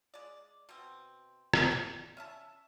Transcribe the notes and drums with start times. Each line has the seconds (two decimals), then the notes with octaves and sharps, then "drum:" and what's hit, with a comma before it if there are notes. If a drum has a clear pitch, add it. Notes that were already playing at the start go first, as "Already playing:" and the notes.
0.14 G#3 D5
0.69 B2 C4
1.53 drum: rim click
1.71 G3
2.17 C#4 E5 A5